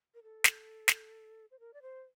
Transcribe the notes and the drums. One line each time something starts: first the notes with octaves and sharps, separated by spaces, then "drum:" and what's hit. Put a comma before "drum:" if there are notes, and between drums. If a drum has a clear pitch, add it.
A#4
A4
drum: snare
drum: snare
C5
A#4
D5
C5